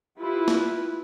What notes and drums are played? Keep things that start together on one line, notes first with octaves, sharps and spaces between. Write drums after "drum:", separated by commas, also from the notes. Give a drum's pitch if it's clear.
E4 F4 G4 B4
drum: snare